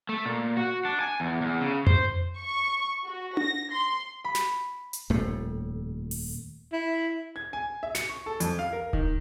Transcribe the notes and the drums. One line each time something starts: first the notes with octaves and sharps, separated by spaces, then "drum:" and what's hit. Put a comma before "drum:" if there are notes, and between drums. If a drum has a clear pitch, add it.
A3
A#2
F#4
D4
G#5
E2
E2
C#3
C5, drum: tom F2
C#6
F#4
A#6, drum: tom D4
C6
B5
drum: snare
drum: hi-hat
D#1 F2 A2 A3
drum: open hi-hat
E4
G#6
G#5
E5
C#7, drum: snare
C#6
A4
F2, drum: hi-hat
F5
A#4
D#3, drum: kick D#1